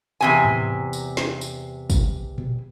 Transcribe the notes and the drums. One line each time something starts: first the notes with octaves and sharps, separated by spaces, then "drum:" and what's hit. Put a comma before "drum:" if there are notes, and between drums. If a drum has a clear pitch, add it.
E2 C3 G#5
drum: tom G#2
drum: tambourine
drum: snare
drum: tambourine
drum: kick, tambourine
drum: tom A#2